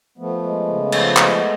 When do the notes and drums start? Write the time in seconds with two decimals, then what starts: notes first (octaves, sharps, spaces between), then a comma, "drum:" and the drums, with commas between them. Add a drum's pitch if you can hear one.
0.18 F3 A3 B3
0.43 G#3
0.67 C#3
0.92 F3, drum: cymbal
1.16 G#3, drum: clap